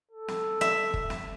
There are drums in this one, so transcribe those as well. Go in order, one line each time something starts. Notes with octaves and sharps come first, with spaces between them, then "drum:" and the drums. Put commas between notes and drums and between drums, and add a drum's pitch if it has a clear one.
A4
drum: snare
E5, drum: snare
drum: kick
drum: snare